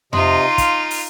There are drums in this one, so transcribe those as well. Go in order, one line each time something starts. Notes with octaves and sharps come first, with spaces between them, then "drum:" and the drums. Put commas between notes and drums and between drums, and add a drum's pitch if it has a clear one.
C3 D#4 F4 D#5 C6, drum: tom F2
F5, drum: kick, hi-hat
drum: open hi-hat